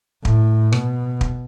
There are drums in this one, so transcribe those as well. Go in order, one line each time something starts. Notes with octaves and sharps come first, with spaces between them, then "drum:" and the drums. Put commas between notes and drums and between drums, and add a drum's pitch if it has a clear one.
A2, drum: kick
B2, drum: rim click
drum: kick